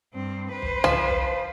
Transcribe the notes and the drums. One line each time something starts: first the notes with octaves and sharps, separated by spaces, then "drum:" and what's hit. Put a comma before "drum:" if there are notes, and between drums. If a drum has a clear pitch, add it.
G2 C4
B4 C5
drum: kick
F3, drum: tom
drum: kick